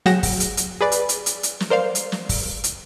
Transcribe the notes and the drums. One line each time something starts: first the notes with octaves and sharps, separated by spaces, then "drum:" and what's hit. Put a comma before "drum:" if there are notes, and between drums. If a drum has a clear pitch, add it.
F#3 G#4 F#5 G5 A#6 E7, drum: snare
drum: kick, open hi-hat
drum: hi-hat
drum: hi-hat
G#4 B4 D5
drum: hi-hat
drum: hi-hat
drum: hi-hat
drum: hi-hat
drum: snare
A#4 C5 D5 F5
drum: hi-hat
drum: snare
drum: kick, open hi-hat
drum: hi-hat